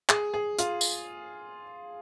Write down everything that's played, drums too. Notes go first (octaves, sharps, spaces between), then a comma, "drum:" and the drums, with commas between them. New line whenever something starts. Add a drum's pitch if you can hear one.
G#4, drum: clap
G#4
F4, drum: hi-hat
drum: tambourine